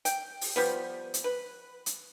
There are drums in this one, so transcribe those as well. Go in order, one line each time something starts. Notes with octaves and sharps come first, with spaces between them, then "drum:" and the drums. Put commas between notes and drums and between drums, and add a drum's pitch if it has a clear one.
G5, drum: hi-hat
drum: open hi-hat
F3 G3 B3
drum: hi-hat
B4
drum: hi-hat